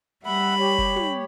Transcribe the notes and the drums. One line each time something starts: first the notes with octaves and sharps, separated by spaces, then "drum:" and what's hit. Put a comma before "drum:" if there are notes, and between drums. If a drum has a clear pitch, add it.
G3 E5 F#5 B5
G4 C#5
drum: kick F1
drum: tom